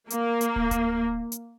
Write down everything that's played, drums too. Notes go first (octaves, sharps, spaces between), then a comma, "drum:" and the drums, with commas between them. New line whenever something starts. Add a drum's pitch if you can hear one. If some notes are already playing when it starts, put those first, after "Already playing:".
A#3, drum: hi-hat
drum: hi-hat
drum: kick
drum: kick, hi-hat
drum: hi-hat